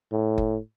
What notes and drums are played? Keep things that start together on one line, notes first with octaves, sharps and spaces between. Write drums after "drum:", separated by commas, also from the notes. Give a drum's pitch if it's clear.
A2
drum: kick F#1